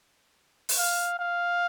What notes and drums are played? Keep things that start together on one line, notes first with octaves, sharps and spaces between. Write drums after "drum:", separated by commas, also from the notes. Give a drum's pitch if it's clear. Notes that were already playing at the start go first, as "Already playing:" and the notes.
drum: open hi-hat
F5
F5